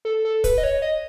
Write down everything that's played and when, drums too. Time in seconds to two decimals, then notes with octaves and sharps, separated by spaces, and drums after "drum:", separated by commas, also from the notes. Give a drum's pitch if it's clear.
0.05 A4
0.25 A4
0.44 B4, drum: kick, hi-hat
0.58 D#5
0.63 C#5
0.82 D#5